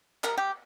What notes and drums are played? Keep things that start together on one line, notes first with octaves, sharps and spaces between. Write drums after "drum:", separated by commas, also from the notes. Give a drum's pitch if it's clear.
A#4, drum: clap
G4